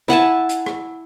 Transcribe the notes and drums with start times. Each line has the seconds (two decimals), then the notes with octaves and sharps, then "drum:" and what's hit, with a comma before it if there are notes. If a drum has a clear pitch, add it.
0.08 E4 F#5 G#5 A5, drum: snare
0.49 drum: hi-hat
0.66 drum: rim click